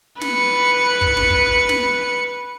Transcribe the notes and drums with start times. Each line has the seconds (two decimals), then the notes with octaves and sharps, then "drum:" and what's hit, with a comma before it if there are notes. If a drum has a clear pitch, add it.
0.21 B4 C#7, drum: snare
1.01 drum: kick
1.17 drum: snare
1.30 drum: kick
1.69 drum: snare